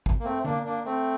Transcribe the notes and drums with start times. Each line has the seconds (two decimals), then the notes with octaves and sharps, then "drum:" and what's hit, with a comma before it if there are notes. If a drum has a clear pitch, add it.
0.06 drum: kick
0.20 A#3
0.25 A3 C4
0.45 A#3 D4, drum: tom D3
0.65 A#3 D4
0.85 A3 C4